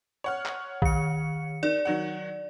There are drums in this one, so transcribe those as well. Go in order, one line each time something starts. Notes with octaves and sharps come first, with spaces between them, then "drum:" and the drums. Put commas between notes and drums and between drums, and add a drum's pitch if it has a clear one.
C#5 F#5 F6
drum: clap
D#3 C#7, drum: kick A#1
D#3 D5
D#3 F#3 F#5